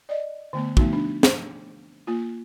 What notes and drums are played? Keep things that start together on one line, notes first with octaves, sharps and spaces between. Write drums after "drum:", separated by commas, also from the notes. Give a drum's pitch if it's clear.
D5 D#5
D3 A3 B3
F3 A3 B3 D#4 F#4, drum: kick
D4
drum: snare
A#3 F4